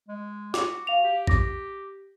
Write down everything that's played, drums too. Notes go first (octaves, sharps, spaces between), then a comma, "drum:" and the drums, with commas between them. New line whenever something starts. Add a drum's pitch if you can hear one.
G#3
F#4 D6, drum: snare
F5 F7
G4
D6 A#6, drum: kick A1